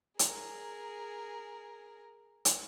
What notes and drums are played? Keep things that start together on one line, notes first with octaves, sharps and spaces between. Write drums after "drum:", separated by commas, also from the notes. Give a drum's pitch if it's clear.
G#4 A#4, drum: hi-hat
drum: hi-hat